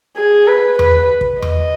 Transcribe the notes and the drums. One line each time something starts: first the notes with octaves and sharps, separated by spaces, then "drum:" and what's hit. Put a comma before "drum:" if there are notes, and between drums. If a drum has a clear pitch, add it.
G#4
B4
B4, drum: tom E2
drum: kick
D#5, drum: tom E2